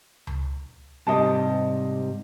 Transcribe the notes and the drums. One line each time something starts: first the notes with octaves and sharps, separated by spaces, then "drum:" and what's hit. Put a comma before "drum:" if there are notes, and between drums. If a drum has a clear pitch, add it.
drum: tom C#2
G#2 C3 G3 D#5 A5